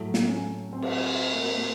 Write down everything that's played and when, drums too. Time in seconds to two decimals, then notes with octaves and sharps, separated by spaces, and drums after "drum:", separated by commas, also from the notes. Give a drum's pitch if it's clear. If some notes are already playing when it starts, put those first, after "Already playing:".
Already playing: A2 F#3 A3
0.14 drum: snare
0.28 C#4
0.73 C4
0.82 drum: cymbal
1.34 A#3
1.58 A#3